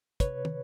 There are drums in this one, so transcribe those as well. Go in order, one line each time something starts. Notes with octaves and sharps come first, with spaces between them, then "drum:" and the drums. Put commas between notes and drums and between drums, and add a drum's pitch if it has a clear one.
C3 B4 C#5, drum: kick, hi-hat
drum: tom